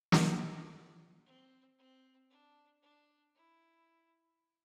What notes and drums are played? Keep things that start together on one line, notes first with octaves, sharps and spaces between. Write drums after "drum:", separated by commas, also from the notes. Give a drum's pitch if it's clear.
drum: snare
D5
C4
C4
D4
D4
E4